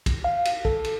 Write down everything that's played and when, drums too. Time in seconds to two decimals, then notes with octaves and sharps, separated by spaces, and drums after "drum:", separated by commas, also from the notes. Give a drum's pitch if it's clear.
0.06 drum: kick, cymbal
0.24 F5
0.45 drum: cymbal
0.65 A4, drum: kick
0.84 drum: cymbal